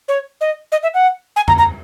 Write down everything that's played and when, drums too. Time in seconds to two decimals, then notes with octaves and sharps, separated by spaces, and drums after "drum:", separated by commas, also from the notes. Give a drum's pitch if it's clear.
0.08 C#5
0.41 D#5
0.72 D#5
0.83 E5
0.94 F#5
1.36 G#5
1.48 A#5, drum: tom F2
1.58 A#5